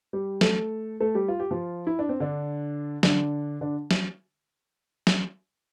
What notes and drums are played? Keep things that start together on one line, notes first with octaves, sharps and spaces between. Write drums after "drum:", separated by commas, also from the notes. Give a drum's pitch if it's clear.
G3 G4
A3 A4, drum: snare
A3 A4
G3 G4
F4
G4
F3 F4
E4
D4
C4
D3 D4
D3 D4, drum: snare
D3 D4
drum: snare
drum: snare